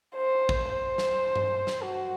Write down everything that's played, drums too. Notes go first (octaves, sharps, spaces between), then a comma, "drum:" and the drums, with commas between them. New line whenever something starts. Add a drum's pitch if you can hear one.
C5
drum: kick
C5
drum: snare
drum: tom G2
drum: snare
F#4